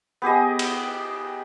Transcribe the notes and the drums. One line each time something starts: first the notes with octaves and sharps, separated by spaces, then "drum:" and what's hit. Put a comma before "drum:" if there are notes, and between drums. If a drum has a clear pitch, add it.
B3 G4 G#4 D#5
drum: cymbal